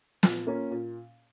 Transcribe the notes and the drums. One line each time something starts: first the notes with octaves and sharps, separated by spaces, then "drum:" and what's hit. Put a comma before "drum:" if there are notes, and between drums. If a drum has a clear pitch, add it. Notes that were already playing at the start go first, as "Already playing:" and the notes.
A#2, drum: snare
A#3 C#4 F4
A#2